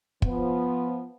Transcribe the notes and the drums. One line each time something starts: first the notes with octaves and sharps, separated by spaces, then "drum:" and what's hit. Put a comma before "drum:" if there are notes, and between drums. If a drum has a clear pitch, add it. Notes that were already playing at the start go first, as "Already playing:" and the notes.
F3 B3, drum: kick